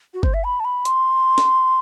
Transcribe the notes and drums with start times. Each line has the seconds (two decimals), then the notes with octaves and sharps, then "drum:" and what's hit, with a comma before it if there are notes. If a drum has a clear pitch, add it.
0.14 F#4
0.23 C5, drum: kick G1
0.34 E5
0.44 B5
0.60 A5
0.65 B5
0.85 C6, drum: hi-hat
1.38 drum: snare